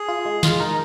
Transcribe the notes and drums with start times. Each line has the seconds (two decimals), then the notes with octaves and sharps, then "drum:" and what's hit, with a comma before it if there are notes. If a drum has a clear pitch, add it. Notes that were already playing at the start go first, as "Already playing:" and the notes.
Already playing: G#4
0.09 F4
0.25 G#3
0.43 G#3 F4, drum: snare
0.60 D#4 A#4